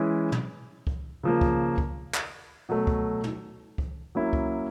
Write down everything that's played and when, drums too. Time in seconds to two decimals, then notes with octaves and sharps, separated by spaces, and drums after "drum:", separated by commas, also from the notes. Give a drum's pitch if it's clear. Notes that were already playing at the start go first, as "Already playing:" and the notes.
Already playing: E3 G#3 C#4 E4
0.32 drum: tom
0.87 drum: kick C#2
1.23 C#3 F3 A#3
1.41 drum: kick C#2
1.78 drum: kick C#2
2.14 drum: clap
2.69 B2 F#3 A3
2.87 drum: kick C#2
3.24 drum: tom
3.78 drum: kick C#2
4.15 F#3 A#3 C#4 E4
4.33 drum: kick C#2